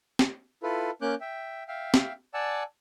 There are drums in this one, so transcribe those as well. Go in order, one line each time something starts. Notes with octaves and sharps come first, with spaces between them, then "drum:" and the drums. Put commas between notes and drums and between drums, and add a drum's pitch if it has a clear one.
drum: snare
E4 F4 A4 B4
A#3 C#4 D6 F#6 G6
E5 G5
E5 F5 G5
drum: snare
D5 F#5 G#5 A5 E6